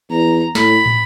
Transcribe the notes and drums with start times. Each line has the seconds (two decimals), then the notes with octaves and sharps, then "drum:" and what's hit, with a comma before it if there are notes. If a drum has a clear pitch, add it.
0.11 E2 A#5
0.55 A2 B5, drum: snare
0.86 drum: tom